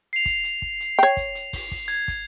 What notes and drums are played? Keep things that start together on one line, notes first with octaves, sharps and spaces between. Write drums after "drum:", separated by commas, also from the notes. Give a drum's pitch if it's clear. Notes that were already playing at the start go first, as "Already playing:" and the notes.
C7 F7
drum: kick, hi-hat
drum: hi-hat
drum: kick
drum: hi-hat
C#5 G5, drum: hi-hat
drum: kick, hi-hat
drum: hi-hat
drum: kick, open hi-hat
drum: kick, hi-hat
G#6, drum: hi-hat
drum: kick, hi-hat